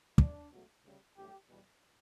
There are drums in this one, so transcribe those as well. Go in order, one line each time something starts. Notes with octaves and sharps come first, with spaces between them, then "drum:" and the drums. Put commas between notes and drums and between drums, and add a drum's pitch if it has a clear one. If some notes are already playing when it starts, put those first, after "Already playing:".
D2 D3 A3 D4, drum: kick
C#2 B2 F#3 A3
D2 C#3 G3
A1 G2 F#3 A3 G4
E2 B2 G3